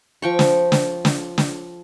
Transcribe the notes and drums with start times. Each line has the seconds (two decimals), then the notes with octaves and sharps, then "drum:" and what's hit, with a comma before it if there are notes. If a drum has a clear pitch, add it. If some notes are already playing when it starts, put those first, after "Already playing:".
0.22 F3 G5 C#6
0.39 drum: snare
0.72 drum: snare
1.05 drum: snare
1.38 drum: snare